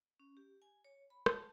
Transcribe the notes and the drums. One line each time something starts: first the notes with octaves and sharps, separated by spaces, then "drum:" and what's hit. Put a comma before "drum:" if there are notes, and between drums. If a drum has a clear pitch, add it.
C#4
G4
G#5
C#5
B5
A5, drum: rim click